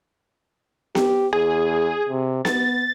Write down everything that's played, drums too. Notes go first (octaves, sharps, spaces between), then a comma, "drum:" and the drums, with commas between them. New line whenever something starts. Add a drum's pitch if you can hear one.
G4, drum: snare B3
E2 G#4
C3
B3 A6, drum: snare B3